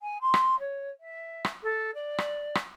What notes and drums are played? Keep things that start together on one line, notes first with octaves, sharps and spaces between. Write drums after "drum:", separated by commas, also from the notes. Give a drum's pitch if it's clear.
G#5
C6
drum: rim click
C#5
E5
drum: rim click
A4
D5
drum: rim click
drum: rim click